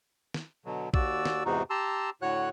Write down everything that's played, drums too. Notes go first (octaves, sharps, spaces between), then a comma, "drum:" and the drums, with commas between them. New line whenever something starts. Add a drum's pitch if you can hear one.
drum: snare
B2 D3 F#3
D#2 F#4 D5 E6, drum: kick
drum: snare
E2 G#2 C3 D#4 F#4
G4 A5 A#5 C6 E6
A2 D3 F#4 C#5 F#5 F#6